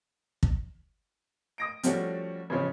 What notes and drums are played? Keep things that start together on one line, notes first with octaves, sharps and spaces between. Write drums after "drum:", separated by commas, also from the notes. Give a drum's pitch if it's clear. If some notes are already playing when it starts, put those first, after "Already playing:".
drum: kick
D#6 A#6 D7
F3 G3 A3 C#4 F#4, drum: hi-hat
A1 C#3 F3 C#4